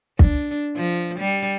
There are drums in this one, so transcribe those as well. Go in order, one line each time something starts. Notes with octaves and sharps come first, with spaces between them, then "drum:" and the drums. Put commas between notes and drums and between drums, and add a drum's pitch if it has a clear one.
D4, drum: kick
F3
G3